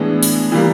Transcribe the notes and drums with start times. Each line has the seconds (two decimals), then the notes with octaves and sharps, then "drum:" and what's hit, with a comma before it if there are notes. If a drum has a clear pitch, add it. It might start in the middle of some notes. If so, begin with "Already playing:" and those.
Already playing: A2 E3 G#3 B3 D4
0.23 drum: open hi-hat
0.52 E3 G3 A#3